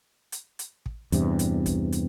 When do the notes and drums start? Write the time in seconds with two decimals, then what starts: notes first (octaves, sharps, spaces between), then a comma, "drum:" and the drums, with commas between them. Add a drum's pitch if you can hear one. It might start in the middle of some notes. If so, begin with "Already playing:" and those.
0.32 drum: hi-hat
0.59 drum: hi-hat
0.86 drum: kick
1.12 E2 G2 C3, drum: hi-hat
1.39 drum: hi-hat
1.66 drum: kick, hi-hat
1.92 drum: hi-hat